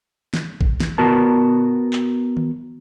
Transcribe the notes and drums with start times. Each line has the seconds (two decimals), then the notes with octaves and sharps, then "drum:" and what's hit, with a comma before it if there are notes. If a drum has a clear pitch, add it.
0.34 drum: snare
0.61 drum: kick
0.80 drum: snare
0.98 B3 F#4 A#4 A5
1.93 drum: clap
2.37 drum: tom D#3